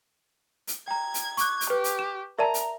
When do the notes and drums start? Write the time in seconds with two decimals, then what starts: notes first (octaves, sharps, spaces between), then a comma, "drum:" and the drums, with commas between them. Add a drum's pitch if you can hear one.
0.67 drum: hi-hat
0.88 G5 A#5 G#6
1.14 drum: hi-hat
1.37 C#6 D6 F#6, drum: hi-hat
1.61 drum: hi-hat
1.70 G4 B4
1.84 drum: hi-hat
1.99 E7
2.39 A#4 D5 E5 A5 A#5
2.54 drum: hi-hat